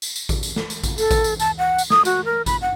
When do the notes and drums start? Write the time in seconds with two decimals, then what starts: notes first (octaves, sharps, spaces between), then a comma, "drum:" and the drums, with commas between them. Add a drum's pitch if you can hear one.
0.02 drum: tambourine
0.16 drum: tambourine
0.29 drum: kick A1, tambourine
0.43 drum: tambourine
0.56 drum: snare
0.70 drum: tambourine
0.84 drum: kick A1, tambourine
0.98 A4, drum: tambourine
1.11 drum: kick A1, tambourine
1.24 drum: tambourine
1.40 A5, drum: tambourine
1.58 F#5
1.78 drum: tambourine
1.90 D#6, drum: snare
2.05 F#4, drum: tambourine
2.25 A#4
2.46 B5, drum: kick A1, tambourine
2.62 F#5